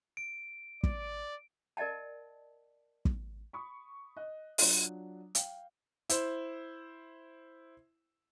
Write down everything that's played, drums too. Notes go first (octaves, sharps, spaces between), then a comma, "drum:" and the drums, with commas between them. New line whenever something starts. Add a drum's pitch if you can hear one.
D7
D5, drum: kick
A#4 D5 D#5 G5 A5
drum: kick
B5 C#6 D#6
D#5 F#6
F#3 D4 F4, drum: open hi-hat
F5 G5, drum: hi-hat
E4 C5, drum: hi-hat